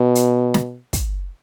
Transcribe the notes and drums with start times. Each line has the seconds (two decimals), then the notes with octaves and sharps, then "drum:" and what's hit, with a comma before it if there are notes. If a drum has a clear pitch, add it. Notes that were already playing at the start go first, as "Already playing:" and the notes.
Already playing: B2
0.15 drum: hi-hat
0.54 drum: snare
0.93 drum: kick, hi-hat